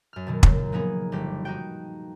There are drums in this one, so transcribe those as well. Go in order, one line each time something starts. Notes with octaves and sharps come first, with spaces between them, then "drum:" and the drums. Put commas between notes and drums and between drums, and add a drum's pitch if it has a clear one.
F#2 F6
B2 D#3 F#3
A#2 C#3 F#3 A#3, drum: kick
F3 A#3 B3 D#4 G#4
G1 G4 B6
D#4 F#4 G5